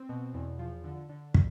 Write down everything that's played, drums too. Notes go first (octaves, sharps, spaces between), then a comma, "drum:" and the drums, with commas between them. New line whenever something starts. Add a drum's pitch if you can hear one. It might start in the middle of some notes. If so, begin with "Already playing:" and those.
Already playing: C4
B2
E2
F3
D3
D3
drum: kick